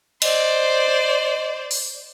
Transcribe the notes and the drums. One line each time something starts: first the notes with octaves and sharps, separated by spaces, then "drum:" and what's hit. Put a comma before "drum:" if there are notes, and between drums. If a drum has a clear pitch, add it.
C5 D5 D#5, drum: cymbal
drum: open hi-hat